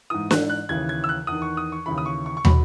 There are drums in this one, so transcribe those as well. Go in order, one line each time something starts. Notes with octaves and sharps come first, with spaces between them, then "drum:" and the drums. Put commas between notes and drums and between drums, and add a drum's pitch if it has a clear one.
G#2 E3 D#6
F#6, drum: snare
F#6
D#2 C#3 E3 G#6
G#6
E6
F#6
E2 D#3 D#6
C#6
D#6
C#6
D#2 C#3 E3 B5
D#6
C#6
C#6
C#6
B2 B5, drum: tom